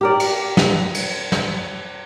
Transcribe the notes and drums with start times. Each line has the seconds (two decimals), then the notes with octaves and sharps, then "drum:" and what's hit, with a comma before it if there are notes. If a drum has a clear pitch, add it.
0.01 G4 A#4 D5
0.20 drum: cymbal
0.57 drum: snare
0.95 drum: cymbal
1.32 drum: snare